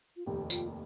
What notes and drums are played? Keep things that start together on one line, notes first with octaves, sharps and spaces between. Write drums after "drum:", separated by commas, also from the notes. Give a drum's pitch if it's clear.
F4
F1 D#2 D#3 G4
F4, drum: tambourine